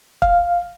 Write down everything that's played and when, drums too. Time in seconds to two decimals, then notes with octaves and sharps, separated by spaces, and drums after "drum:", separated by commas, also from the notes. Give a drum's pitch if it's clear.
0.22 F5, drum: kick